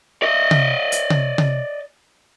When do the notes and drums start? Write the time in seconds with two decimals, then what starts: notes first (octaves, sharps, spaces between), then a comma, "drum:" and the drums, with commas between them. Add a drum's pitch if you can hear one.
0.22 D5 D#5
0.51 drum: tom C3
0.92 drum: hi-hat
1.10 drum: tom C3
1.38 drum: tom C3